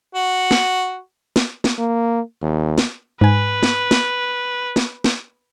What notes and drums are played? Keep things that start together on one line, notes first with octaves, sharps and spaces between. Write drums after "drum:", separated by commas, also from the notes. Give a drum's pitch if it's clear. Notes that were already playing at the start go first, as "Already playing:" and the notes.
F#4
drum: snare
drum: snare
drum: snare
A#3
D#2
drum: snare
G#2 B4 G#5
drum: snare
drum: snare
drum: snare
drum: snare